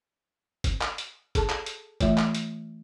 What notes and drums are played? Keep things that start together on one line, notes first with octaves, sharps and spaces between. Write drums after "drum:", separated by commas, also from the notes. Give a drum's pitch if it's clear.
drum: kick G1, hi-hat
drum: clap
drum: hi-hat
G#4 A4 A5, drum: kick G1, hi-hat
drum: clap
drum: hi-hat
E3 A3 F4 E5, drum: kick G1, hi-hat
drum: clap
drum: hi-hat